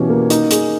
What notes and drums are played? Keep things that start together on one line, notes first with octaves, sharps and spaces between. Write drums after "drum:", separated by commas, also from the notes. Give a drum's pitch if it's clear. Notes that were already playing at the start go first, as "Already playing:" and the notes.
Already playing: B2 E3 C#4 G4
A#3
D#4, drum: hi-hat
G#4, drum: hi-hat